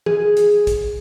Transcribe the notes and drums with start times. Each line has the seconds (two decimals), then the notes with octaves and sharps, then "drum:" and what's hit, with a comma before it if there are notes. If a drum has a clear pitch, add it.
0.06 G#4, drum: tom E3
0.37 drum: hi-hat
0.67 drum: kick, hi-hat